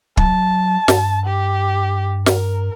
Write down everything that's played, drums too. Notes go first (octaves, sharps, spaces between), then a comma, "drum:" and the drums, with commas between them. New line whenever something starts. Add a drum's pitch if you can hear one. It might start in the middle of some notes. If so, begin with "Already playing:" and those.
F#3 A5, drum: kick
G2, drum: snare
G4
A#4, drum: snare